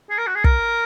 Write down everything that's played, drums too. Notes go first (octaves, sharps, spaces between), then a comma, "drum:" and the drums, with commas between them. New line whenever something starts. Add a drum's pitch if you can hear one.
G#4
A#4
F#4
G#4
A#4, drum: kick